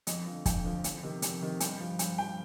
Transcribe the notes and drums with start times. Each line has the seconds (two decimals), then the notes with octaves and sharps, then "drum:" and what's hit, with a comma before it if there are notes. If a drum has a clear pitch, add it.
0.07 F2 D#5, drum: hi-hat
0.26 D3 F3
0.46 F2 G5, drum: kick, hi-hat
0.64 D3 F3
0.84 F2, drum: hi-hat
1.03 C3 D#3
1.22 F2, drum: hi-hat
1.42 C3 D#3
1.60 G2 G5, drum: hi-hat
1.80 F3
1.99 G2 G5, drum: hi-hat
2.18 F3 G5